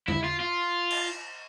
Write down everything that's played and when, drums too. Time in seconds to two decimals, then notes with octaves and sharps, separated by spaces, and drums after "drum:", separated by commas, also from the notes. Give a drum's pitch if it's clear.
0.08 E4, drum: tom E2
0.24 F4
0.40 F4
0.91 drum: cymbal